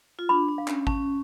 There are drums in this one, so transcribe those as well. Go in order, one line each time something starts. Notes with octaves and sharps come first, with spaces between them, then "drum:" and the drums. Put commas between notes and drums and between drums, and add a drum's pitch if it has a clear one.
F4
D4 B5
D4
F5
C#4, drum: clap
C#4 A5, drum: kick G#1